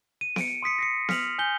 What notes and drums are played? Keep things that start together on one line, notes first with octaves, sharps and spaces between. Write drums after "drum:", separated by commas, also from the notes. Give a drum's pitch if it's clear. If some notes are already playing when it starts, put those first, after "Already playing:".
D#7
C#7 D7, drum: snare B3
C6 D#6 B6 C#7
A#6 C7 C#7
F6 B6 F7 F#7, drum: snare B3
G#5 G6 G7